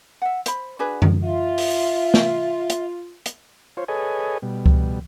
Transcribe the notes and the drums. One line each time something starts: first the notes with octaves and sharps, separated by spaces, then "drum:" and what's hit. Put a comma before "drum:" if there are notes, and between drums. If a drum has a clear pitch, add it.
E5 F#5
C5 B5, drum: hi-hat
D4 F#4 G#4 B4
drum: tom F#2
F4 E5
drum: open hi-hat
drum: snare
drum: hi-hat
drum: hi-hat
F4 C5 C#5
G#4 A4 B4 C#5 D#5 G#5
B2 G3
drum: kick C#2